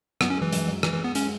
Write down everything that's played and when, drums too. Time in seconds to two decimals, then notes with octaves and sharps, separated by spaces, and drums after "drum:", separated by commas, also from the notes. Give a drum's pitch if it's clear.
0.21 F#2 B3, drum: rim click
0.30 C#4
0.37 E3 G#3
0.53 F#2, drum: hi-hat
0.68 F#2
0.83 E3 G#3, drum: rim click
0.94 E3
0.99 G#3
1.04 B3
1.15 G#3 C#4, drum: hi-hat